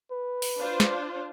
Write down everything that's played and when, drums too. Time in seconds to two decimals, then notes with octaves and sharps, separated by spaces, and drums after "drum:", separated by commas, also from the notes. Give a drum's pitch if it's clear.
0.11 B4
0.42 drum: open hi-hat
0.57 D4 F4 C5
0.80 drum: snare